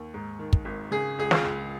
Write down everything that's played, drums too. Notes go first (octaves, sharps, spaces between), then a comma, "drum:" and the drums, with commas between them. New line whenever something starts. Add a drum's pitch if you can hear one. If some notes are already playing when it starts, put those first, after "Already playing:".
Already playing: D#2
G#2
D#3
drum: kick
G#1
C#3 G#4
C#2 G#4
F4, drum: snare
C#2